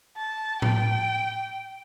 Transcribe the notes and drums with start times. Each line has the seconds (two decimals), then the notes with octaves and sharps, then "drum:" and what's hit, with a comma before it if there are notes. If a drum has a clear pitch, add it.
0.17 A5
0.62 G5, drum: tom A2